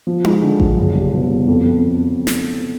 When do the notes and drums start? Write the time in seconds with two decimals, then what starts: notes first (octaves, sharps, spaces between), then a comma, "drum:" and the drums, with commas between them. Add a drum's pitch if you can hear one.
0.07 F3
0.24 G#3, drum: tom D#4
0.42 D3
0.60 F3, drum: kick A1
0.77 F#1
0.95 G3
1.12 B2
1.30 G3
1.48 F2
1.66 F2
2.27 drum: snare